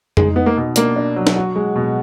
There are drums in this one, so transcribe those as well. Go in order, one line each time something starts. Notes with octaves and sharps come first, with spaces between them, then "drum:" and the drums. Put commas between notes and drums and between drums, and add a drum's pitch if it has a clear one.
G#3 D#4, drum: tom F2
B3 D#4
A#3
B2
A#3 D4, drum: hi-hat
D4
F#3
drum: snare
F#4
G#3
B2